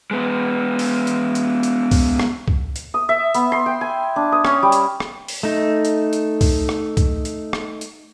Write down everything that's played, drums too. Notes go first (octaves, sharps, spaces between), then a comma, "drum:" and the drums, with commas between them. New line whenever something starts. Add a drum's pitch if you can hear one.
G#3 B3
drum: open hi-hat
drum: hi-hat
drum: hi-hat
drum: hi-hat
drum: kick C2, open hi-hat
drum: rim click
drum: kick C2
drum: hi-hat
D#6
E5
B3, drum: hi-hat
C6
G5
G#5
D4
D#6
C#4, drum: rim click
G3
drum: hi-hat
drum: rim click
drum: open hi-hat
A3 D#4
drum: hi-hat
drum: hi-hat
drum: kick C2, open hi-hat
drum: rim click
drum: kick C2, hi-hat
drum: hi-hat
drum: rim click
drum: hi-hat